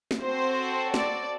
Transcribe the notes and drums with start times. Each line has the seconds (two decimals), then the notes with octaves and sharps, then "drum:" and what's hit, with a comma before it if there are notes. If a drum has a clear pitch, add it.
0.11 drum: snare
0.23 C4 F#4 A4 C5
0.94 D5, drum: snare